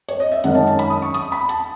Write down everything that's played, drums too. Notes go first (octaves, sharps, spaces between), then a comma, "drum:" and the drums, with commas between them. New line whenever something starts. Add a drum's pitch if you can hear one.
C#5, drum: hi-hat
D#5
E5
F#2 D#3 G#3 C#4 F#5, drum: hi-hat
A5
A5
B5, drum: hi-hat
D#6
C#6
D#6, drum: hi-hat
B5
A5, drum: hi-hat